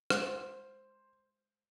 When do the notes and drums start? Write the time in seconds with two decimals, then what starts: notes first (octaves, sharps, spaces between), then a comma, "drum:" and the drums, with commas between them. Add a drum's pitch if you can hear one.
0.10 G#3 C5, drum: rim click